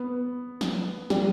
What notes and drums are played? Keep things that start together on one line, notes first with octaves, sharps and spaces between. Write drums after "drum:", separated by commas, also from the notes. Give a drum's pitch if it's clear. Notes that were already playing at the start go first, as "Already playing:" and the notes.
Already playing: B3
drum: snare
G3, drum: snare